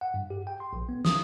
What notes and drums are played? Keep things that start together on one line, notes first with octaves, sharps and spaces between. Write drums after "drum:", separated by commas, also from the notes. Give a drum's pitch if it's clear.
F#5
G2
G4
G5
C6
A#1
B3
D#6, drum: snare